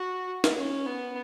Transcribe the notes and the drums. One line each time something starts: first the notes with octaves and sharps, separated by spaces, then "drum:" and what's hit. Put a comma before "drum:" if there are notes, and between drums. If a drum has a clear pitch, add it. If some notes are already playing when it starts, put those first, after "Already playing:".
Already playing: F#4
drum: snare
C#4
B3